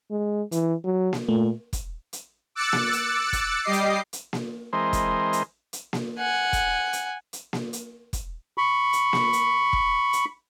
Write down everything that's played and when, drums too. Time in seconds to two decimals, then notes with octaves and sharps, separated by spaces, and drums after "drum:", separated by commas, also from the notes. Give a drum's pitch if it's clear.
0.11 G#3
0.52 E3, drum: hi-hat
0.84 F#3
1.13 drum: snare A#3
1.29 A#2 A3
1.73 drum: kick, hi-hat
2.13 drum: hi-hat
2.55 D6 E6 F#6 A6 C#7
2.73 drum: snare A#3
2.93 drum: hi-hat
3.33 drum: kick, hi-hat
3.63 G3 G4 D#5 D6 C7
3.73 drum: hi-hat
4.13 drum: hi-hat
4.33 drum: snare A#3
4.73 E3 G#3 C4 A#4 C5 D#5
4.93 drum: kick, hi-hat
5.33 drum: hi-hat
5.73 drum: hi-hat
5.93 drum: snare A#3
6.19 F#5 G#5
6.53 drum: kick, hi-hat
6.93 drum: hi-hat
7.33 drum: hi-hat
7.53 drum: snare A#3
7.73 drum: hi-hat
8.13 drum: kick, hi-hat
8.58 B5 C#6
8.93 drum: hi-hat
9.13 drum: snare A#3
9.33 drum: hi-hat
9.73 drum: kick
10.13 drum: hi-hat